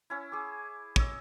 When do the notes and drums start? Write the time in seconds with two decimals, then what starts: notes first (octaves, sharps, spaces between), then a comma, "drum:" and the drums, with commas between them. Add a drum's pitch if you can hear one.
0.10 C#4 E4
0.32 G#4 C#6 D6
0.96 C#5 D#5 E6, drum: kick